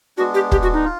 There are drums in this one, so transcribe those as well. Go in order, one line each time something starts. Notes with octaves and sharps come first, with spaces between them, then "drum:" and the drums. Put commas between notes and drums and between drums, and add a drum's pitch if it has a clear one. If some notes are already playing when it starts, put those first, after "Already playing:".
G#3 B3 D4 F#4
G4
G4, drum: kick
F#4
D#4
F4